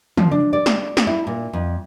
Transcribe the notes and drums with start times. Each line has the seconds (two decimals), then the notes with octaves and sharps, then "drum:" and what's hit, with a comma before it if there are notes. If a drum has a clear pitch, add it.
0.17 F3, drum: tom
0.31 D4
0.53 D5
0.66 drum: snare
0.97 drum: snare
1.07 E4
1.27 A#2
1.53 F2